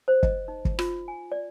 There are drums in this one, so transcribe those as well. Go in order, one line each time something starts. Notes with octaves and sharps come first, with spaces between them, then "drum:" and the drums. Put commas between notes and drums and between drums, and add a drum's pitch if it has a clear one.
C5
D#5, drum: kick
D#4
drum: kick
F4, drum: rim click
G#5
D5